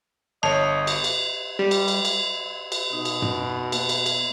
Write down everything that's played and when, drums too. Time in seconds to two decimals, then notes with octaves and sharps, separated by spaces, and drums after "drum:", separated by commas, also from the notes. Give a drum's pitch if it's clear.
0.43 G1 C#5 D#5 A5
0.87 drum: cymbal
1.04 drum: cymbal
1.59 G3
1.71 drum: cymbal
1.88 drum: cymbal
2.05 drum: cymbal
2.72 drum: cymbal
2.93 B2 D#4
3.05 drum: cymbal
3.22 drum: tom
3.72 A#3, drum: cymbal
3.89 drum: cymbal
4.06 drum: cymbal